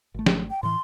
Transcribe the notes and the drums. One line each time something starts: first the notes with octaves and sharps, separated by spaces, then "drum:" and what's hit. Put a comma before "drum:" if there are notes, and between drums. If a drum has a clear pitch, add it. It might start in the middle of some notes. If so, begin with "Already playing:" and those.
G#1 A3
drum: snare
G5
A2 E3 C6